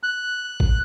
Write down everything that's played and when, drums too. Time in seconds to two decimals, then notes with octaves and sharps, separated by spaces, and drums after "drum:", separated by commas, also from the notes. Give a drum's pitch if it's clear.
0.03 F#6
0.60 drum: kick